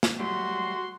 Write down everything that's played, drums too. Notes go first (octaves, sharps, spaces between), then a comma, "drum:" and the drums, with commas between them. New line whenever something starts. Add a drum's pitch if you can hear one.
drum: snare
F#3 G3 A3 F#4 C6